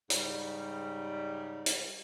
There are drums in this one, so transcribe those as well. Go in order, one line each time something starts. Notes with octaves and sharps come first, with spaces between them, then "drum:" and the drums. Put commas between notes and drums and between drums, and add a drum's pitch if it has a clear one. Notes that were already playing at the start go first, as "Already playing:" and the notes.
G#2 C#3 G3, drum: hi-hat
drum: hi-hat